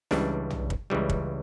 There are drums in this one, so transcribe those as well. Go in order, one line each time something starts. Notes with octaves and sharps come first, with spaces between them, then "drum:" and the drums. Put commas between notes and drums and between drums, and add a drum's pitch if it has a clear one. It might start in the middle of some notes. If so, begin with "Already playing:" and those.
C#2 C#3 E3 G3 D4, drum: snare
drum: tom
drum: kick
C#2 C#3 E3 G3
drum: kick